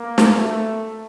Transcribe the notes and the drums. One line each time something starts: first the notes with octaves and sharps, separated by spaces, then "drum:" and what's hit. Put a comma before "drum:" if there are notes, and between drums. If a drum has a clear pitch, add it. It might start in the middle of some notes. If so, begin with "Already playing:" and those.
Already playing: A#3
drum: snare
A3